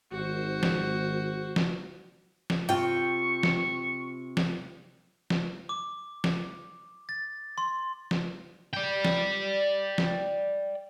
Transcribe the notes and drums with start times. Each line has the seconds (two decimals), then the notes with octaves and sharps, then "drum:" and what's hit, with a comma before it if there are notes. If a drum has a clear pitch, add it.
0.11 G#1 F#4 C5
0.63 drum: snare
1.56 drum: snare
2.50 drum: snare
2.69 C3 F4 G5 C#6
3.43 drum: snare
4.37 drum: snare
5.30 drum: snare
5.69 D6
6.24 drum: snare
7.09 A6
7.58 C6
8.11 drum: snare
8.73 D5 G5
9.05 drum: snare
9.98 drum: snare